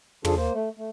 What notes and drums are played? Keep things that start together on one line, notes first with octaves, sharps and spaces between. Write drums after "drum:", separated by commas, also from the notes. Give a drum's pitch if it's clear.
C#3 F3 D4 F4 G#4 A4, drum: tom
A#3 C5
A3
A3